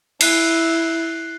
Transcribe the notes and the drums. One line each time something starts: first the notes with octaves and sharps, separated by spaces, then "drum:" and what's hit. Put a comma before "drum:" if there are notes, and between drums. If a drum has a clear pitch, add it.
E4 F#6 C7, drum: cymbal